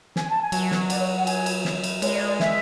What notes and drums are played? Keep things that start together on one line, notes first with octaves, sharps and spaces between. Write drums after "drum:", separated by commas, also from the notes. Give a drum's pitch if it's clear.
G#5, drum: snare
A5
G#5
F#3, drum: cymbal
drum: snare
D5, drum: cymbal
C#5
F#5
G#5, drum: cymbal
drum: cymbal
drum: snare
drum: cymbal
G#3 C#5, drum: cymbal
D5
D5
E5, drum: snare